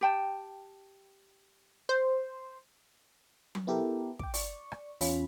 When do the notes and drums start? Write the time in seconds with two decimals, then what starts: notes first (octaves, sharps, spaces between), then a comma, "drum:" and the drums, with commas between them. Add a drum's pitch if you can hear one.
0.01 G4 G5 A5
1.89 C5
3.55 drum: tom F#3
3.67 B3 E4 G4 A4 A#4
4.19 G5 D6, drum: kick
4.34 D5 C#6, drum: open hi-hat
4.72 drum: rim click
5.01 E2 C#4 F4 B5, drum: open hi-hat